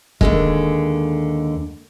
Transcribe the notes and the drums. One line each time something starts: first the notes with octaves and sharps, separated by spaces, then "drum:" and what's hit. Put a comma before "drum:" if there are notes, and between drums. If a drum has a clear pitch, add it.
D#2 D3 G#3, drum: kick E1